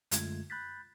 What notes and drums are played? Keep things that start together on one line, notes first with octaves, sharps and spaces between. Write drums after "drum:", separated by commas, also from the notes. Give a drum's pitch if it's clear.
F#2 D3 G#3 A3 F4 G#6, drum: hi-hat
B5 F#6 G6 A6 B6